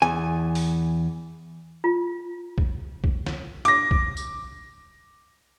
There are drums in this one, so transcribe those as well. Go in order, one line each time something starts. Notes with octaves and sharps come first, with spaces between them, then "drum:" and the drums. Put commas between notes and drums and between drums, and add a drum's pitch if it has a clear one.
E2 G#5
drum: open hi-hat
F4
drum: kick
drum: kick
drum: snare
D6 A#6, drum: hi-hat
drum: kick
drum: tambourine